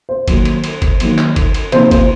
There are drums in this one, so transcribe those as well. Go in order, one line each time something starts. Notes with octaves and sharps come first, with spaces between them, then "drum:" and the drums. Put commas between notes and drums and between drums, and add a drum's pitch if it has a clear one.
C5
D#3 F#3 A#3, drum: kick G1, cymbal
drum: cymbal
drum: cymbal
drum: kick G1, cymbal
D#3 F#3 A#3, drum: cymbal
drum: clap
drum: kick G1, cymbal
drum: cymbal
C3 F3 A#3 D#4 C5, drum: cymbal
C5, drum: kick G1, cymbal